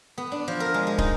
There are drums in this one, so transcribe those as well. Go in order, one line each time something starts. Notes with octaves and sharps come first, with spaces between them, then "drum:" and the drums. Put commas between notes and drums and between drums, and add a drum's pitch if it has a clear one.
B3
D4
F3
A#4
G#3
G#3
D#4, drum: kick